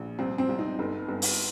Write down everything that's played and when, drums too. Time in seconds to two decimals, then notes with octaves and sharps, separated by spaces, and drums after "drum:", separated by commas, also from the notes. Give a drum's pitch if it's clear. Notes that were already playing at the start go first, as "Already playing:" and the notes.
Already playing: A#1
0.19 C2 C4
0.38 C4
0.49 C2
0.59 D#4
0.79 G1
1.08 G1
1.22 drum: open hi-hat